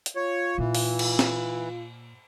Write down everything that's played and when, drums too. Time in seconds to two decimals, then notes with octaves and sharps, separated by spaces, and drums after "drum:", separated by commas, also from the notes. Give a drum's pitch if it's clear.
0.06 drum: hi-hat
0.16 F4 C#5
0.58 A#2 E3
0.75 drum: open hi-hat
0.99 drum: cymbal
1.19 drum: snare